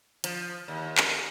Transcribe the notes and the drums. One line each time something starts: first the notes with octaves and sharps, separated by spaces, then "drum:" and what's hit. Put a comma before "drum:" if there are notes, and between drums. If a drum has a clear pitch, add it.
F3, drum: hi-hat
D#2
drum: clap